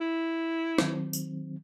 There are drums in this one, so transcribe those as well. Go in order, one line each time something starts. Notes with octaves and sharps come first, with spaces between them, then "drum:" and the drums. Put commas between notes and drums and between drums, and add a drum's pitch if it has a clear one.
E4
D#3 F#3 C4, drum: snare
drum: tambourine